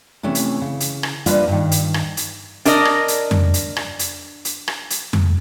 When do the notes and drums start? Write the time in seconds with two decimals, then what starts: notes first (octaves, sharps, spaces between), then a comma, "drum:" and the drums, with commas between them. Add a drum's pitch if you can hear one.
0.23 C3 E3 A3 C#4
0.35 drum: hi-hat
0.62 C#3
0.80 drum: hi-hat
1.03 drum: rim click
1.26 G3 A#3 D4 F4 B4 E5, drum: hi-hat
1.47 G2 D#3
1.71 drum: hi-hat
1.94 drum: rim click
2.17 drum: hi-hat
2.65 D4 A#4 D5 D#5, drum: hi-hat
2.85 drum: rim click
3.08 drum: hi-hat
3.31 drum: tom F2
3.54 drum: hi-hat
3.76 drum: rim click
3.99 drum: hi-hat
4.45 drum: hi-hat
4.68 drum: rim click
4.90 drum: hi-hat
5.13 drum: tom F2